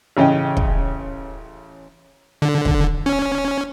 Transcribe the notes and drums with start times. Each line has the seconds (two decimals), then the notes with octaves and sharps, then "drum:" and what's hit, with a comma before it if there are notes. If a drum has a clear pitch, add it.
0.17 A1 C#3 C#4 D#5 G5
0.57 drum: kick
2.42 D3
2.65 drum: kick
3.06 C#4